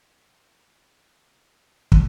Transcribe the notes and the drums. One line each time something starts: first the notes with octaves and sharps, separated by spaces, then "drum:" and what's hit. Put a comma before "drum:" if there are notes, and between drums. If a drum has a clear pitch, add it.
B3 D#4 F#4 A#4 F#5 G5
A3 G#4 C#5 G#5
drum: kick